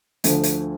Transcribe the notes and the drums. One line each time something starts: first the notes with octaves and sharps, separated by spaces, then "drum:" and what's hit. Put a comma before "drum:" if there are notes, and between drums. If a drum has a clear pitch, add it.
D2 D3 F3 A3, drum: hi-hat
drum: hi-hat